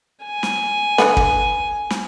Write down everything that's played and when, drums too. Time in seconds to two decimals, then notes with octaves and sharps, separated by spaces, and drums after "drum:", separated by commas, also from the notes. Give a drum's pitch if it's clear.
0.24 G#5
0.43 drum: snare
0.98 D3 A3 B3, drum: snare
1.17 drum: kick
1.90 drum: snare